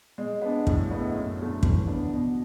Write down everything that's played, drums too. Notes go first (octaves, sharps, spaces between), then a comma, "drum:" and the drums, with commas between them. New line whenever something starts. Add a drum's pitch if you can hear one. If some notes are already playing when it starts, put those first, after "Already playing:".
G#3
B3 D4
A2, drum: kick
G#3 B3 E4
F#2
D3 A3
E3, drum: kick
B3 D4
B2